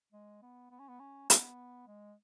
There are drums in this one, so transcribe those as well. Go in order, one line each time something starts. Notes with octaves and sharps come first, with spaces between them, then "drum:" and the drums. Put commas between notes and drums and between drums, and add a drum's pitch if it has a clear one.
G#3
B3
B3
C#4
B3
C#4
B3, drum: hi-hat
G#3